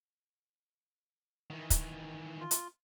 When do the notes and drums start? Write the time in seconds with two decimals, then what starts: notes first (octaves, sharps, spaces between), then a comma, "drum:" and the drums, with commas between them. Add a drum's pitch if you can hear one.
1.50 D#3 E3
1.70 drum: kick, hi-hat
2.40 F4
2.51 drum: hi-hat